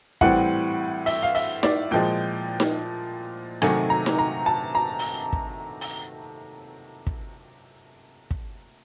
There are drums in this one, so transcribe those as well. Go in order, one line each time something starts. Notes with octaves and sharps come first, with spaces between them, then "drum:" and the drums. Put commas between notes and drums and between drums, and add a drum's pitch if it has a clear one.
A2 E3 G3 C4 F#5, drum: kick
E5, drum: open hi-hat
F5
E5, drum: open hi-hat
D5, drum: snare D#4
A#2 F3 G#3 G5
drum: snare D#4
C3 D#3 F#3 A3 G#5, drum: rim click
A#5
drum: snare D#4
A#5
A5
A#5
drum: open hi-hat
drum: kick
drum: open hi-hat
drum: kick
drum: kick